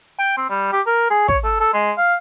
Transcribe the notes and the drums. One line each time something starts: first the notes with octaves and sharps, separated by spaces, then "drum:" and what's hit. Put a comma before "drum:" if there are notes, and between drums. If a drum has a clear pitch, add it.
G5
C4
G3
G4
A#4
G#4
C#5, drum: kick
A4
A4
G#3
F5